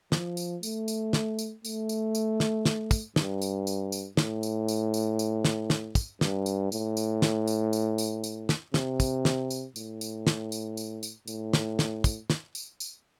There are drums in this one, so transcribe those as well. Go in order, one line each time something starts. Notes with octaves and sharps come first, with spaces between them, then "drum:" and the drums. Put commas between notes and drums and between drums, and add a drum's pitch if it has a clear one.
F3, drum: snare
drum: tambourine
A3, drum: tambourine
drum: tambourine
drum: snare
drum: tambourine
A3, drum: tambourine
drum: tambourine
drum: tambourine
drum: snare
drum: snare
drum: kick, tambourine
G2, drum: snare
drum: tambourine
drum: tambourine
drum: tambourine
A2, drum: snare
drum: tambourine
drum: tambourine
drum: tambourine
drum: tambourine
drum: snare
drum: snare
drum: kick, tambourine
G2, drum: snare
drum: tambourine
A2, drum: tambourine
drum: tambourine
drum: snare
drum: tambourine
drum: tambourine
drum: tambourine
drum: tambourine
drum: snare
C3, drum: snare
drum: kick, tambourine
drum: snare
drum: tambourine
A2, drum: tambourine
drum: tambourine
drum: snare
drum: tambourine
drum: tambourine
drum: tambourine
A2, drum: tambourine
drum: snare
drum: snare
drum: kick, tambourine
drum: snare
drum: tambourine
drum: tambourine